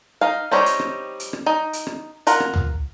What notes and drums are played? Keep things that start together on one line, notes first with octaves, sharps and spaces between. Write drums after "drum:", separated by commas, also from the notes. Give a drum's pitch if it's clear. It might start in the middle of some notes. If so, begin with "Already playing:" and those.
D#4 F5
G3 C4 D#4 G4 C#5
drum: hi-hat
drum: rim click
drum: hi-hat
drum: rim click
D#4
drum: hi-hat
drum: rim click
F4 A#4 F#5, drum: hi-hat
drum: rim click
drum: tom